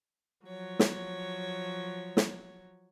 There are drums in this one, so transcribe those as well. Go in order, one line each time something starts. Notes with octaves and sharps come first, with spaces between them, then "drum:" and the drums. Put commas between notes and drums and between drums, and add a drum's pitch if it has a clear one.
F3 F#3 C#5
drum: snare
drum: snare